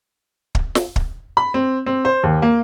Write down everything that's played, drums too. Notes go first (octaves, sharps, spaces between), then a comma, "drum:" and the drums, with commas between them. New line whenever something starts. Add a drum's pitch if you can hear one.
drum: kick
drum: snare
drum: kick
B5
C4
C4
C5
D#2
A#3